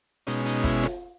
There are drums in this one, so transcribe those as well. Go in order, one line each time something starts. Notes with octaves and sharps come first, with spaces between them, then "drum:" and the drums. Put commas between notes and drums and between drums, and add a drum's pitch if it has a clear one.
B2 G#3 C#4 D#4, drum: hi-hat
D#4, drum: hi-hat
E4, drum: kick, hi-hat
drum: snare F4